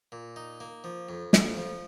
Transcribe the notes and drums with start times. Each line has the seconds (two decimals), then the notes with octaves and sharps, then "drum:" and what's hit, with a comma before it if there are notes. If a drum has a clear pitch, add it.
0.12 A#2
0.36 D#4
0.60 A#3
0.84 F3
1.09 F2
1.33 F2, drum: snare
1.57 F3